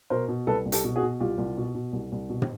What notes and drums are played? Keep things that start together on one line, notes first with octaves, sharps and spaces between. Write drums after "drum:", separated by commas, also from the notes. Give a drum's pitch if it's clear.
B2 A#4 C5
B2
C2 A4 B4
C2
G4 A4, drum: hi-hat
B2
F#4 G#4
B2
C2 F4 G4
C2
B2
B2
C2
C2
B2
drum: tom